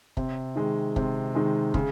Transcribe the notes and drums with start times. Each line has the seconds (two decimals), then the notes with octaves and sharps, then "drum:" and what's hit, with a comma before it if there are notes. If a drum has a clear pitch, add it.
0.17 C3, drum: kick
0.56 D#3 G#3
0.96 C3, drum: kick
1.35 D#3 G#3
1.74 C#3, drum: kick